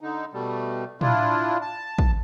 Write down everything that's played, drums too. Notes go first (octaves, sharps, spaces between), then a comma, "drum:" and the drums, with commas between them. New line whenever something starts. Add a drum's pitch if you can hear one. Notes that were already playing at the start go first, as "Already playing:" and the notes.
D3 D#4
B2 G3 A3
D4 E4 F4, drum: tom
A5
drum: kick